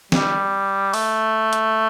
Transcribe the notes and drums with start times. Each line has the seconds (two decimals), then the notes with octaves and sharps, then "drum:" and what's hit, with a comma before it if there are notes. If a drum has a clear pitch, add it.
0.12 G3, drum: snare
0.93 A3, drum: open hi-hat
1.53 drum: hi-hat